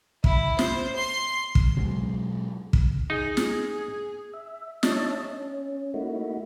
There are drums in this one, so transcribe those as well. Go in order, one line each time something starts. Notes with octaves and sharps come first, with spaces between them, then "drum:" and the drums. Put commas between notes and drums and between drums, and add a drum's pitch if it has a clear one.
E4, drum: kick
C5, drum: snare
C6
drum: kick
B2 F#3 G#3
drum: kick
D#4 G#4
drum: snare
E5
D4 D#4 C#5 D#5 E5 A5, drum: snare
C#4
A3 A#3 D#4 E4 F#4